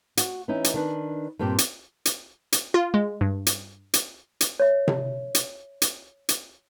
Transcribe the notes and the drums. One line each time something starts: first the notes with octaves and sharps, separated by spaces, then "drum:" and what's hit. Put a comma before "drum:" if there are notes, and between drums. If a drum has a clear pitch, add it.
F#4, drum: hi-hat
E3 C#4 D#4 E4
drum: hi-hat
D#3 D4 B4
G2 A#2 C4 G4
drum: hi-hat
drum: hi-hat
drum: hi-hat
F4
G#3
G2
drum: hi-hat
drum: hi-hat
drum: hi-hat
C#5 E5
drum: tom C3
drum: hi-hat
drum: hi-hat
drum: hi-hat